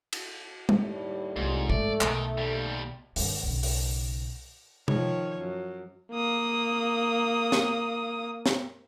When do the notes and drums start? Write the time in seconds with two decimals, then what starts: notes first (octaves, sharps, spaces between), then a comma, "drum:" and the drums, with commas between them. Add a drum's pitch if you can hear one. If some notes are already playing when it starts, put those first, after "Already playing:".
0.13 drum: cymbal
0.69 drum: tom G3
0.81 D#2 A2 G3
1.36 C2 G#2 F4
1.70 F2 G#2 A3 D5, drum: kick
2.01 B1 D#3, drum: clap
2.38 D#2 G3
3.16 G2 D3, drum: open hi-hat
3.43 B1 C#3
3.63 drum: open hi-hat
4.88 D#3 F3 C#5, drum: tom C3
5.38 F#2
6.12 A#3 D#6
7.52 drum: snare
8.46 drum: snare